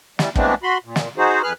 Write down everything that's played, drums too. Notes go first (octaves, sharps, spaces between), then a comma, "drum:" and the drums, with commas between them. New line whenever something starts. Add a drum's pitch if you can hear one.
E3 G3, drum: snare
E3 G#3 A3 B3 C4 D4, drum: kick
F#4 B5 C6
A#2
drum: snare
D#4 F#4 G#4 C5
F2 G#4 B4 F6 F#6